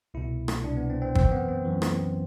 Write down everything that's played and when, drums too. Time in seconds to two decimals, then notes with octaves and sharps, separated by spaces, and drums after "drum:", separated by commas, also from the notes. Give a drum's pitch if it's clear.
0.14 C2 B2 E4
0.48 drum: rim click
0.64 C2 B2 D4
0.77 B3
0.90 C4
1.02 C4
1.15 F#2 E3 C4, drum: kick
1.32 B3
1.49 C4
1.65 F#2 E3
1.82 drum: rim click